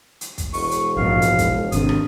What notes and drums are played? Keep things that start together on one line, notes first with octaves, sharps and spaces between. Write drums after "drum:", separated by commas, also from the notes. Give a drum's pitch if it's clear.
drum: hi-hat
drum: kick, hi-hat
E1 C#6, drum: open hi-hat
drum: hi-hat
A#1 G#2 B2 F5
drum: hi-hat
drum: kick, hi-hat
G#1 C3 D4 D#6, drum: hi-hat
drum: rim click